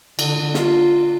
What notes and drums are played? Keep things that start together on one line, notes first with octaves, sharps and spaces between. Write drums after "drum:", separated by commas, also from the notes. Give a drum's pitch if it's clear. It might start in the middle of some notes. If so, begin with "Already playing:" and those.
D3, drum: cymbal
F4, drum: snare